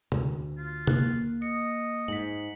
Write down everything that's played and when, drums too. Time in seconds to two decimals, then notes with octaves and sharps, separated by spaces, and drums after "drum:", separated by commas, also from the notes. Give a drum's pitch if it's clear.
0.12 D2, drum: tom
0.58 F4
0.87 A#3 F#6, drum: tom
1.42 D#5 C#7
2.08 G#2 B6 F#7